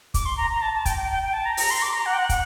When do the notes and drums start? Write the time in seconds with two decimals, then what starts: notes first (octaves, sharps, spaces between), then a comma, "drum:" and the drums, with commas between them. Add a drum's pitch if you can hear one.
0.14 D6, drum: kick, hi-hat
0.25 C6
0.37 A#5
0.50 A#5
0.62 A5
0.73 A5
0.85 G5, drum: kick, hi-hat
0.97 G5
1.10 G5
1.22 G5
1.33 A5
1.45 A#5
1.57 A#5, drum: open hi-hat
1.70 C6
1.82 D6
1.93 A#5
2.06 F#5
2.13 G5
2.18 F#5
2.29 F#5, drum: kick, hi-hat